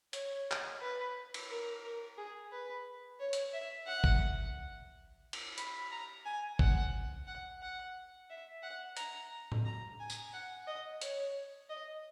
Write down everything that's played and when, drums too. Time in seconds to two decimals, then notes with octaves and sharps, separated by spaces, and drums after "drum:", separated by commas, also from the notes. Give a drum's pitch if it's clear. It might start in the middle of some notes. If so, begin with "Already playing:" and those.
0.13 C#5, drum: hi-hat
0.51 drum: clap
0.81 B4
1.34 drum: cymbal
1.50 A#4
1.84 A#4
2.17 G#4
2.52 B4
3.20 C#5
3.33 drum: hi-hat
3.53 E5
3.87 F#5
4.04 drum: kick G#1
5.33 drum: cymbal
5.58 B5, drum: hi-hat
5.91 A#5
6.25 G#5
6.59 F#5, drum: kick G#1
7.27 F#5
7.62 F#5
8.30 E5
8.63 F#5
8.97 A#5, drum: hi-hat
9.52 drum: tom A2
9.65 A#5
10.00 G#5
10.10 drum: tambourine
10.34 F#5
10.67 D#5
11.02 C#5, drum: hi-hat
11.70 D#5